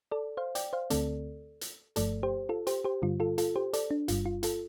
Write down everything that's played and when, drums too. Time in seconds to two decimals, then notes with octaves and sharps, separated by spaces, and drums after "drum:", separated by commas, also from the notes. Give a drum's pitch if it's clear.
0.11 A4 D5
0.37 C5 F5
0.55 D5 G5, drum: hi-hat
0.73 C5 F5
0.90 D2 D3 A3 C4 A4 D5, drum: hi-hat
1.61 drum: hi-hat
1.96 G1 G2 F3 A3 A4 D5, drum: hi-hat
2.23 G4 C5
2.49 F4 A4
2.67 G4 C5, drum: hi-hat
2.84 G4 C5
3.02 G2 D3 G3 F4
3.20 F4 A4
3.38 F4 A4, drum: hi-hat
3.56 G4 C5
3.73 A4 D5, drum: hi-hat
3.91 D4
4.08 G1 G2 G3 F4, drum: hi-hat
4.26 F4
4.43 F4 A4, drum: hi-hat